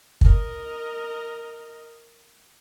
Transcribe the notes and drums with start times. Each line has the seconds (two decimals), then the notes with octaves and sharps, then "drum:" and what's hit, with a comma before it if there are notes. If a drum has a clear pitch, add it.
0.21 A#4 D#5, drum: kick